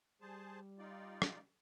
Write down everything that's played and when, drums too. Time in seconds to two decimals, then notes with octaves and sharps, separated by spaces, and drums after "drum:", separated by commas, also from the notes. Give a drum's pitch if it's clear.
0.21 G3 G#4 C5 A5
0.79 D#4 F4 D5
1.22 drum: rim click